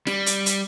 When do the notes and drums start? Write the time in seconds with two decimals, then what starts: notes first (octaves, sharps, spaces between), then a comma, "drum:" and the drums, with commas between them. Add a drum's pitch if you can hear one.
0.07 G3, drum: snare
0.26 drum: hi-hat
0.46 drum: hi-hat